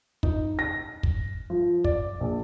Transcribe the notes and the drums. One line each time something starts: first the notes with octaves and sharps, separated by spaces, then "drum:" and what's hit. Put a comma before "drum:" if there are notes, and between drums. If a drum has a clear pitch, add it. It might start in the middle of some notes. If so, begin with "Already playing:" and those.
D#4, drum: kick
A#6
drum: kick
F3
D5, drum: kick
A#1